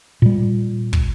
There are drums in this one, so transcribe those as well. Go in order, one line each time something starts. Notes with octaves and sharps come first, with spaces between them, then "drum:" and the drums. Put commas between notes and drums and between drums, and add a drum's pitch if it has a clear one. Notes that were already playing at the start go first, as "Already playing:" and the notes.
A#2 G3
drum: kick